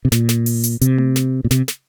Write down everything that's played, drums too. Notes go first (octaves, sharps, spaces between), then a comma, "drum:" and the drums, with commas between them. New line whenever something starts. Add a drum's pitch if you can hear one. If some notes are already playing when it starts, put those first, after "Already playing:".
C3
A#2, drum: snare
drum: snare
drum: open hi-hat
drum: hi-hat
C3, drum: hi-hat
drum: tom A3
drum: snare
A#2
C3, drum: snare
drum: snare